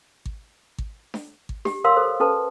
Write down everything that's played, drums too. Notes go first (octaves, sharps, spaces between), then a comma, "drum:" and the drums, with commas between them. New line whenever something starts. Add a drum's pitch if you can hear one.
drum: kick G#1
drum: kick G#1
drum: snare D4
drum: kick G#1
G4, drum: snare D4
A#4 C#5 F5 C6 E6
A4 C5
C#4 A4 B4 A5